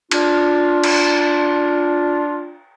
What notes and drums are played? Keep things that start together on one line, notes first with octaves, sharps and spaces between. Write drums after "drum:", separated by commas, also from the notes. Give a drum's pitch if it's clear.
D4 F4, drum: cymbal
drum: cymbal